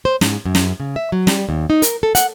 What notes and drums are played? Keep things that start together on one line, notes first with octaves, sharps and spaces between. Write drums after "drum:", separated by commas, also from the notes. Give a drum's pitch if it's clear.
C5
G#2, drum: snare
F#2
drum: snare
C#3
E5
F#3
G3, drum: snare
D#2
D#4
A#4, drum: hi-hat
A4
F#5, drum: hi-hat